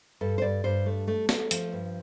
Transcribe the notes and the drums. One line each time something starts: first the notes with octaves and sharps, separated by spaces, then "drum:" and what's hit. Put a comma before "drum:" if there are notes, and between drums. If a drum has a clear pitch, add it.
G2 A4
C5
G2 D5
G2 C5
A3
A3
A3, drum: snare
F3, drum: hi-hat
G2